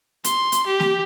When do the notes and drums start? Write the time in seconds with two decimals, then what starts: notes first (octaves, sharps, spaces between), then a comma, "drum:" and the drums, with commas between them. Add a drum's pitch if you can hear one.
0.24 C6, drum: hi-hat
0.52 drum: hi-hat
0.66 G4
0.80 drum: snare